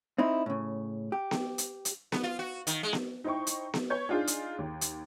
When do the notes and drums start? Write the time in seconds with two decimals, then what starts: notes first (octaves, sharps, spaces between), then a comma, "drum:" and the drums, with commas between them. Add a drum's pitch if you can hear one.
0.18 C4 D#4 E4
0.46 A2 C#3
1.12 G4
1.31 drum: snare B3
1.58 drum: hi-hat
1.85 drum: hi-hat
2.12 B3, drum: snare B3
2.23 F4
2.39 F#4
2.67 D#3, drum: hi-hat
2.83 G#3
2.93 drum: snare B3
3.24 D#4 E4 C5 G5 C#6
3.47 drum: hi-hat
3.74 drum: snare B3
3.90 B4 C#5 G6
4.09 D4 D#4 F4 G#4
4.27 drum: hi-hat
4.59 D#2
4.81 drum: hi-hat